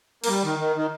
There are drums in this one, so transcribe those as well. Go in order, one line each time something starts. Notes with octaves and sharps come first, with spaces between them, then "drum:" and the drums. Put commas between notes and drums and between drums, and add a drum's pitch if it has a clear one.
A#3, drum: cymbal
G3
D#3
D#3
D#3